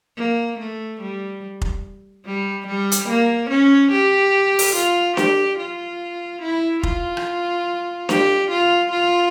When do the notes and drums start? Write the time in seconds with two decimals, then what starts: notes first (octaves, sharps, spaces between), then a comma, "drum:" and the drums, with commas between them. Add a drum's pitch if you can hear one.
0.18 A#3
0.59 A3
1.01 G3
1.61 drum: kick F1
2.25 G3
2.67 G3
2.92 drum: hi-hat
3.09 A#3
3.51 C#4
3.92 G4
4.59 drum: open hi-hat
4.75 F4
5.17 G4, drum: snare D4
5.59 F4
6.42 E4
6.83 F4, drum: kick F1
7.17 drum: rim click
8.09 G4, drum: snare D4
8.51 F4
8.92 F4